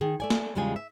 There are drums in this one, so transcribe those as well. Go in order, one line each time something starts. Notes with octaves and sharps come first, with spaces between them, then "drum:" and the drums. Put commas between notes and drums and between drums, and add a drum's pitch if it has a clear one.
D#3 G#4
A3 D5 G#5
drum: snare
E2 C#3 G3 G#3 F4 G#5
E5